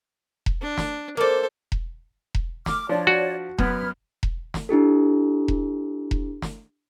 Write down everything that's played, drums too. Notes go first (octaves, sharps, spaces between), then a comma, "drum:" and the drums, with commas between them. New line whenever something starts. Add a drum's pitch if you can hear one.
drum: kick E1
D4
drum: snare
A#3 A4 C5 D5
drum: kick E1
drum: kick E1
D6 F6, drum: snare
F3 D4 C#5 D5
F#4
F#2 B3 B4 F6 G#6, drum: kick E1
drum: kick E1
drum: snare
D4 E4 G4 A4
drum: kick E1
drum: kick E1
drum: snare